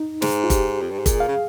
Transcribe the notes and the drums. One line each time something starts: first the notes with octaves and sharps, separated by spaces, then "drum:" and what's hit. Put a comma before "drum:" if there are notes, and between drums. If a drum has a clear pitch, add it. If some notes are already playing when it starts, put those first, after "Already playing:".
Already playing: D#4
G#2, drum: snare
F4
G4, drum: kick, hi-hat
F2
G2
G#2
A#2 G#4, drum: kick, hi-hat
F5
C#3